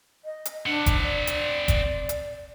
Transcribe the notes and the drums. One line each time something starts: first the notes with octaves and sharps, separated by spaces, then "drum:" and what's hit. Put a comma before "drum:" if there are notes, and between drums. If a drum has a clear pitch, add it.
D#5
drum: hi-hat
C4 D4 F#5
drum: kick F1, hi-hat
D5
drum: hi-hat
drum: kick F1, hi-hat
drum: hi-hat